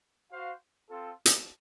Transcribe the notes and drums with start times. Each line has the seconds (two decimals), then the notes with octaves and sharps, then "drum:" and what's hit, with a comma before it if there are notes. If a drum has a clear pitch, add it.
0.31 F#4 C5 F5
0.90 C4 F4 A4
1.25 drum: hi-hat